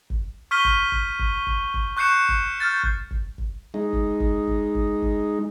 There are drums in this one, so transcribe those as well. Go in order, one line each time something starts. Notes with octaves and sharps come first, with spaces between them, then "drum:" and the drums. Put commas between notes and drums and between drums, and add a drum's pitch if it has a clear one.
drum: kick
C#6 F6 G6 B6 D#7 G7
drum: kick
drum: kick
drum: kick
drum: kick
drum: kick
C#6 F#6 G6 C7 C#7 E7
drum: kick
F6 G6 A6
drum: kick
drum: kick
drum: kick
G#3 D#4
drum: kick
drum: kick
drum: kick
drum: kick
drum: kick